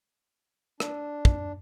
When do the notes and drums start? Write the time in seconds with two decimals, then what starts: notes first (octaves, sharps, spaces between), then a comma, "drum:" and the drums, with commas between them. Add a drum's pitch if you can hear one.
0.80 D4, drum: rim click
1.25 drum: kick